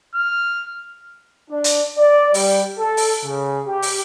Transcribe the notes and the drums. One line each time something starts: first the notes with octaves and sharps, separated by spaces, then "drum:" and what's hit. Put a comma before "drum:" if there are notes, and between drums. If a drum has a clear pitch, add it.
F6
D4
drum: hi-hat
D5
G3, drum: open hi-hat
A4
drum: open hi-hat
C#3
G4
drum: open hi-hat